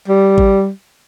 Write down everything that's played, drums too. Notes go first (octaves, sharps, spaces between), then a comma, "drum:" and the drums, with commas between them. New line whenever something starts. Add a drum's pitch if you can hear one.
G3
drum: kick G#1